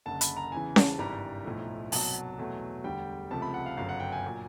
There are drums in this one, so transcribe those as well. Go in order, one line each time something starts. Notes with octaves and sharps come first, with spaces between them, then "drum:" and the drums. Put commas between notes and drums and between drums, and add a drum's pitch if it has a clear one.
F#1 F#2 D3 A5
B5, drum: hi-hat
A#5
E2 C#3 E3 G#5
A5, drum: snare C#4
G#1 G2 E3 G3 A#5
B1 A2 F3 A3
C2 B2 F#3 A5, drum: open hi-hat
E2 B2 F#3 A3
E1 D2 D3 G3 G5
C#2 C3 F3 A3 A5
B5
F#5
F5
G1 F#2 C#3 F#3 F5
F#5
G5
G#5
A#2 F#3